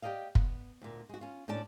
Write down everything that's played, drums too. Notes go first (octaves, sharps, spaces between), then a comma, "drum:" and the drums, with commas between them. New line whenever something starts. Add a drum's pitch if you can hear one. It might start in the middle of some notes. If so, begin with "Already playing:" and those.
G4 G#4 D5 D#5 F5
B3, drum: kick
D2 A#2
G#3 F#4
C#4 F4
A2 C#4 D4 D5 A5